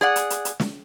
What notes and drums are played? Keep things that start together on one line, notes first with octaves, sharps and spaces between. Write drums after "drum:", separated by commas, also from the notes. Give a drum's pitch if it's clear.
G#4 D5 F#5
drum: hi-hat
drum: hi-hat
drum: hi-hat
drum: snare